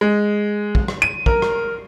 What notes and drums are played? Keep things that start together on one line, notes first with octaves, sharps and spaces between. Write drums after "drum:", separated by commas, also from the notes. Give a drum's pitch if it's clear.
G#3
drum: kick
drum: rim click
D#7
A#4, drum: kick
drum: rim click